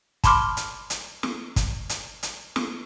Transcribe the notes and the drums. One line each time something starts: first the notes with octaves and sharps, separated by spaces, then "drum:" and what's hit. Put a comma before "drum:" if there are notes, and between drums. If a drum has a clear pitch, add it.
A5 B5 C6 D6 F6, drum: kick, hi-hat
drum: hi-hat
drum: hi-hat
drum: snare
drum: kick, hi-hat
drum: hi-hat
drum: hi-hat
drum: snare